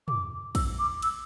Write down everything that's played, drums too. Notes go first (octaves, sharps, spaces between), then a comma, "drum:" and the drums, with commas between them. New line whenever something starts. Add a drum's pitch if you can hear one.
D6, drum: tom
E6, drum: kick, cymbal
D6
E6, drum: cymbal